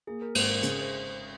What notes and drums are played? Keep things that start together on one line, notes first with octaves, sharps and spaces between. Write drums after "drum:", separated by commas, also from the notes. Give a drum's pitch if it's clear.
A#3 G#4
A#4
G#1 C5, drum: cymbal
A#4
C#3 G#4, drum: hi-hat
C5